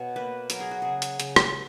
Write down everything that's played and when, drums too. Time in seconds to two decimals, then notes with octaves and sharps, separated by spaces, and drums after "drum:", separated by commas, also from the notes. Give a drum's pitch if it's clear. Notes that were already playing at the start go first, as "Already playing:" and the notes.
Already playing: B2 C#5
0.16 A#3 B4
0.50 F#3 A#4, drum: hi-hat
0.60 G#4
0.71 F#4
0.82 C#3 G#4
1.02 drum: hi-hat
1.20 C#3, drum: hi-hat
1.36 drum: rim click